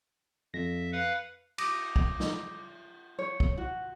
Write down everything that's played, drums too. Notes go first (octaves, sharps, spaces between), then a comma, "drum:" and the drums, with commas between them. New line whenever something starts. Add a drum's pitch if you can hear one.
F2 E5 A#6
B4 F5 F#5
D6 D#6 A#6, drum: cymbal
drum: kick
drum: snare
C#5
drum: kick
F#4